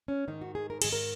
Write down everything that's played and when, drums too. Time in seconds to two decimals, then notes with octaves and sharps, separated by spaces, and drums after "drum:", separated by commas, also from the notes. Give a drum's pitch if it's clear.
0.08 C#4
0.28 G#2 D#3 D#4
0.41 F#4
0.55 G#4
0.70 A#4
0.82 G#2 D#3 G#4, drum: cymbal
0.93 A#4